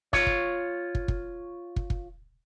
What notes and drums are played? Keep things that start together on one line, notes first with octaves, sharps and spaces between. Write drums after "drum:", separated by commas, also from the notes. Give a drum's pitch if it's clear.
F4 C#5, drum: kick
drum: kick
drum: kick
drum: kick
drum: kick
drum: kick